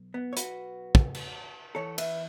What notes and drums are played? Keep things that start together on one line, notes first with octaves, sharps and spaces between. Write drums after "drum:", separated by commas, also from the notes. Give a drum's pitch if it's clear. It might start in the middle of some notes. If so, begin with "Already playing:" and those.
Already playing: B1
B3
C#5
F#4 B4, drum: hi-hat
drum: kick
drum: cymbal
E2 E3 A4 C#5
B4 E5, drum: cymbal